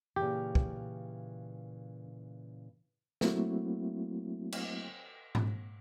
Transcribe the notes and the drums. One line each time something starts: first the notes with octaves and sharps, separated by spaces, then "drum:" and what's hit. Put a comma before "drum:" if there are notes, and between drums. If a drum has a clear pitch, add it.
A#2 C#3 E3 G4
drum: kick
F#3 A3 A#3 C4 E4 F#4, drum: snare
drum: cymbal
drum: tom G#2